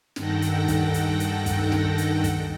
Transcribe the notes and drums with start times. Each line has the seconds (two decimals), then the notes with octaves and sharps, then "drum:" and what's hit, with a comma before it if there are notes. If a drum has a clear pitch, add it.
0.16 G2 D#3 A4 F#5 G5 A#6, drum: snare
0.42 drum: hi-hat
0.68 drum: kick, hi-hat
0.94 drum: hi-hat
1.20 drum: hi-hat
1.46 drum: kick, hi-hat
1.72 drum: snare
1.98 drum: hi-hat
2.24 drum: kick, hi-hat